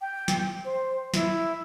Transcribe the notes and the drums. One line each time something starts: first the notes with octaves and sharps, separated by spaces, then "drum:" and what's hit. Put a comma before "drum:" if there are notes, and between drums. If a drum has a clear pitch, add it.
G5
drum: snare
C5
E4, drum: snare